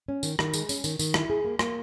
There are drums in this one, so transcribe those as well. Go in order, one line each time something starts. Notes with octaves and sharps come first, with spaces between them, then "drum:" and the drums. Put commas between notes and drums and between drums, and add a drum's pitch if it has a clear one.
C#4
D#3, drum: tambourine
D#3, drum: rim click
G#3, drum: tambourine
C#4, drum: tambourine
D#3, drum: tambourine
D#3, drum: tambourine
E4, drum: rim click
G#4
A#3
A#3, drum: rim click